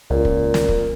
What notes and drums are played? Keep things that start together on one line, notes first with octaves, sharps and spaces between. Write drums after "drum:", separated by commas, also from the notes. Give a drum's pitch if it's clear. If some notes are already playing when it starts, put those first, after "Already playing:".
C#2 A#2
drum: kick
drum: snare
drum: kick